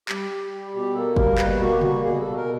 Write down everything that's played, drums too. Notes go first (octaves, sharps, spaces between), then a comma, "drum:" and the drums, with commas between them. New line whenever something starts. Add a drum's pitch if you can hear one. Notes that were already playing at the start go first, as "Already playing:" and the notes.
G3 G4, drum: clap
G3
G3
B2 G4
A#3 A4
G3 A#4, drum: kick
B2 B4, drum: clap
A#3 F#4
G4
G3 F#4, drum: tom C3
B2 G#4
B2 A4
A#4